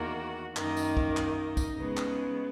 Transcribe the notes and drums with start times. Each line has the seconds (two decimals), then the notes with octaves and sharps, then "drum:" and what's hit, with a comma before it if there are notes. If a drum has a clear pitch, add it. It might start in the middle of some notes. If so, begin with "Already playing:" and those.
Already playing: E2 D#3 A#3 F#4
0.56 F#2 D#3 A#3 D#4, drum: clap
0.77 drum: tambourine
0.86 D#4
0.97 drum: kick
1.17 drum: clap
1.57 drum: kick, tambourine
1.77 C#3 G#3 B3
1.97 drum: clap